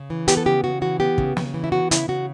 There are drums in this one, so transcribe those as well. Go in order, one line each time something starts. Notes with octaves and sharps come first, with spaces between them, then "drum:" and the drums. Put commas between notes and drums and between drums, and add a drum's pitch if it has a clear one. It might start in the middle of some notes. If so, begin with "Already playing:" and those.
Already playing: C#3
E3
B3 G4, drum: hi-hat
A4
C#3 G4
C#3 F#4
E3 F#4
B3 G4
C#3, drum: kick
C#3, drum: snare
E3
E4
B3 F#4
C#3 E4, drum: hi-hat
C#3 F#4